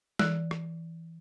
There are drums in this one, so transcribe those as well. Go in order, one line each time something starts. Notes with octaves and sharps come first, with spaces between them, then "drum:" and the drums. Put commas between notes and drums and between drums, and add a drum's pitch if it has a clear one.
E3 F#6, drum: snare
drum: rim click